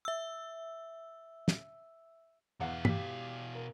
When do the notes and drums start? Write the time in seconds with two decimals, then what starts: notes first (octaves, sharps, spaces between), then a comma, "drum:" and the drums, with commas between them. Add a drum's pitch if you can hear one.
0.05 E5 E6
1.48 drum: snare
2.60 E2 B2 F5 F#5
2.85 G4 B6, drum: tom G2
3.55 A#4